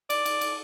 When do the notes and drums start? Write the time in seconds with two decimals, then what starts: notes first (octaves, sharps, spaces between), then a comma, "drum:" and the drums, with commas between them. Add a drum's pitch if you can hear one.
0.10 D5, drum: cymbal
0.25 drum: cymbal
0.41 drum: cymbal